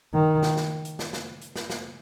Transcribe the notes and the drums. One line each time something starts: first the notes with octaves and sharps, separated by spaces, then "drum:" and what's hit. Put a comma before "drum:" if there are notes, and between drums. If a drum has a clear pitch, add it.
D#3
drum: snare
drum: snare
drum: hi-hat
drum: snare
drum: snare
drum: hi-hat
drum: snare
drum: snare